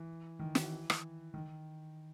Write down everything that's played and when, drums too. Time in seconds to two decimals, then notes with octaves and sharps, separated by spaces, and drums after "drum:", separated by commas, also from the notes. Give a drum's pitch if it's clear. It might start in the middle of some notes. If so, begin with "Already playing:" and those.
Already playing: E3
0.39 D#3
0.55 E3, drum: snare
0.90 drum: rim click
1.34 D#3